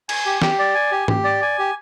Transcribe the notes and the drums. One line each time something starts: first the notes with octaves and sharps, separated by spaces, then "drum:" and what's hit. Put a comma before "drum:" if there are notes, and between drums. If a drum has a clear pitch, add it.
G#5, drum: cymbal
G4
G4, drum: snare
D5
G#5
G4
G4, drum: tom
D5
G#5
G4